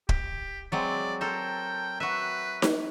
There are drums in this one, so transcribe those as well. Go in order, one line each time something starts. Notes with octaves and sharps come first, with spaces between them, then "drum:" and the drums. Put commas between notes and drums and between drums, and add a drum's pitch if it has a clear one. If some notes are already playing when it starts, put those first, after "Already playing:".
G4, drum: kick
F#3 G#3 C4 D5
A4 A#4 C5 G5
F#4 B4 E5
drum: snare D#4